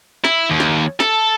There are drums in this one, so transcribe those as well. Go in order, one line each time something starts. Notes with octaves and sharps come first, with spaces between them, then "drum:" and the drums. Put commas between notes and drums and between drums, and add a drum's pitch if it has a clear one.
E4, drum: snare
D#2
drum: snare
A4, drum: snare